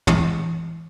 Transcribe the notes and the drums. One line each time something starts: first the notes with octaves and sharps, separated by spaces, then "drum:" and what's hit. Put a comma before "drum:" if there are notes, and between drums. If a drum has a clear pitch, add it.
E3, drum: tom